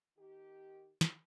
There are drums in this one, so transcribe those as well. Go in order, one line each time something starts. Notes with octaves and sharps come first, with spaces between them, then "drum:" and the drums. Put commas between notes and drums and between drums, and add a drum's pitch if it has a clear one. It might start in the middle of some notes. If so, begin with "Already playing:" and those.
D#3 G4
drum: snare